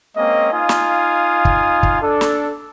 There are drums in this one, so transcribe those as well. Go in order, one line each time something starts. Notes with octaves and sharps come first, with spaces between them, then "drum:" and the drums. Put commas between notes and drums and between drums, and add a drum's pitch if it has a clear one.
G#3 A#3 C4 C#4 D#5
D#4 F4 F5 G#5 D#6
drum: snare
drum: kick
drum: kick
D4 A4
drum: snare